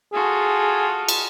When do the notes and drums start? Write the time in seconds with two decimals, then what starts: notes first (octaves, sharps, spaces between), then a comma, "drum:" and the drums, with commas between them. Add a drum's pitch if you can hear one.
0.12 F4 F#4 G#4 A4
1.09 drum: cymbal